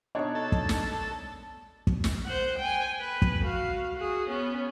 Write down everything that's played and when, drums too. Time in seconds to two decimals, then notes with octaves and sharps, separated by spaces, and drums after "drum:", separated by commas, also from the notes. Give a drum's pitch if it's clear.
0.15 B2 D4 D#4 C#5 D5
0.35 A4
0.52 drum: kick
0.69 drum: snare
1.87 drum: kick
2.04 drum: snare
2.25 C5 F#5
2.59 G5 G#5
3.01 B4
3.22 drum: kick
3.45 F#4 F5
3.97 F#4 G#4
4.29 B3 C#4